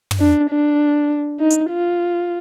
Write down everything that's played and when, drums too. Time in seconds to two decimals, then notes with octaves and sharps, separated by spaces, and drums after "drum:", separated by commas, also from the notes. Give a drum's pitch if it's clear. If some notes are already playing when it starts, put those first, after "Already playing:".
0.11 drum: tom
0.20 D4
0.50 D4
1.40 D#4
1.50 drum: hi-hat
1.71 F4